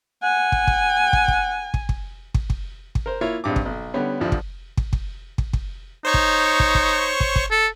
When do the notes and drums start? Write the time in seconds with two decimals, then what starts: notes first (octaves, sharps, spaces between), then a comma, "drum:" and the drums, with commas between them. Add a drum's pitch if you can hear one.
0.23 F#5 G#5
0.52 drum: kick
0.67 drum: kick
1.13 drum: kick
1.28 drum: kick
1.74 drum: kick
1.89 drum: kick
2.34 drum: kick
2.50 drum: kick
2.95 drum: kick
3.06 A#4 C5
3.21 A#3 E4 F4 C#5
3.44 G#1 G2 D6
3.56 drum: kick
3.65 B1
3.94 D3 G3 B3 C#4
4.21 D2 G2 F3
4.32 drum: kick
4.77 drum: kick
4.93 drum: kick
5.38 drum: kick
5.53 drum: kick
6.05 D#4 C5 C#5 C#6
6.14 drum: kick
6.60 drum: kick
6.75 drum: kick
7.20 drum: kick
7.36 drum: kick
7.51 A4